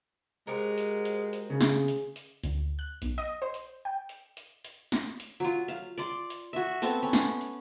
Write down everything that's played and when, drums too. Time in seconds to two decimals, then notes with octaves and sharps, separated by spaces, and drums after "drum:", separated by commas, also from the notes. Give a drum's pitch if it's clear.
0.47 G#3 F#4 G4 A#4 C5
0.78 drum: hi-hat
1.05 drum: hi-hat
1.33 drum: hi-hat
1.50 C#3 G#4
1.61 drum: snare
1.88 drum: hi-hat
2.16 drum: hi-hat
2.43 D2, drum: hi-hat
2.79 F#6
3.02 B1, drum: hi-hat
3.18 D#5
3.42 C5
3.54 drum: hi-hat
3.85 G5
4.09 drum: hi-hat
4.37 drum: hi-hat
4.65 drum: hi-hat
4.92 drum: snare
5.20 drum: hi-hat
5.40 F#3 F4
5.68 F5
5.98 D5 C6
6.30 drum: hi-hat
6.53 F#4 E5
6.82 B3 C4 A4
7.03 C#4
7.13 drum: snare
7.41 drum: hi-hat